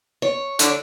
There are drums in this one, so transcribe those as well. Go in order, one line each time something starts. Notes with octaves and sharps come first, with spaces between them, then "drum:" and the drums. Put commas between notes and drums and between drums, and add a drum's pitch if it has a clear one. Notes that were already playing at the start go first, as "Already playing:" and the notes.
C#5
D3 D4, drum: hi-hat